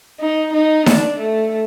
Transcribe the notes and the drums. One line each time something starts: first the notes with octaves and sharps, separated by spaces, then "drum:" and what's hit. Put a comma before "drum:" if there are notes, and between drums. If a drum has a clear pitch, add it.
D#4
D#4
D4, drum: snare D#4
A3